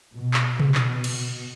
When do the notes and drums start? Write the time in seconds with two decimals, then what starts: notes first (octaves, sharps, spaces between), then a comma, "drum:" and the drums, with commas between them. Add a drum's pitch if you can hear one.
0.15 B2
0.34 drum: clap
0.60 B2, drum: tom C3
0.75 drum: clap
1.04 drum: cymbal